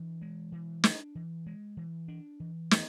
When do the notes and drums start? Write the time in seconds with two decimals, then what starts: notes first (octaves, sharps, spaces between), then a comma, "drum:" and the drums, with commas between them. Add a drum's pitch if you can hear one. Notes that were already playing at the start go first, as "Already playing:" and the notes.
Already playing: E3 D4
0.21 G#3
0.52 E3
0.84 D4, drum: snare
1.15 E3
1.46 G#3
1.77 E3
2.08 D4
2.40 E3
2.71 B3, drum: snare